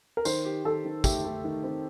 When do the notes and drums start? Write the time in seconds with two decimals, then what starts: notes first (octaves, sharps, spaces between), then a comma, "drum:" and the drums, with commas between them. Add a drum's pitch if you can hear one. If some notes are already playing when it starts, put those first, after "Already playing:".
0.17 A#4
0.25 D#3 C5, drum: tambourine
0.45 G4
0.65 D#3 A4
0.85 D#3
1.04 A3 G4, drum: kick, tambourine
1.24 A3
1.44 D#3
1.63 C4